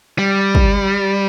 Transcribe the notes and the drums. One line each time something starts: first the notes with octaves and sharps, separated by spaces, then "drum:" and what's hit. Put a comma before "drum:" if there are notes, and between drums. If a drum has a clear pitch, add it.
G3
drum: kick